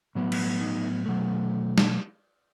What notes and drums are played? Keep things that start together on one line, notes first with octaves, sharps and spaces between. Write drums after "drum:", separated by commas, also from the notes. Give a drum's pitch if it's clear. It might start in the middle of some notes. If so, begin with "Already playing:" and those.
A2 F#3 B3
drum: cymbal
D#4
B2 F#3 A3
drum: snare